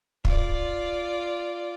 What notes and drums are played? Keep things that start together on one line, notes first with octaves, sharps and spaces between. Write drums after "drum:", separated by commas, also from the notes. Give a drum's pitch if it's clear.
F4 D5, drum: kick